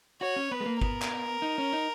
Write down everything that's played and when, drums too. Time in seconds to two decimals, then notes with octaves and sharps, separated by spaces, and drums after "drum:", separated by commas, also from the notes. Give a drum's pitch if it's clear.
0.21 F#4 C#5
0.36 C#4
0.51 B3 B4
0.60 G#3
0.66 A#3
0.81 B3 A#4, drum: kick
1.02 drum: clap
1.42 D#4
1.58 C#4
1.73 D#4